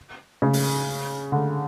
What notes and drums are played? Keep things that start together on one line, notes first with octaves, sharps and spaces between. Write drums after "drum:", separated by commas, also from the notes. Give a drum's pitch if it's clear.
C#3
drum: open hi-hat
D3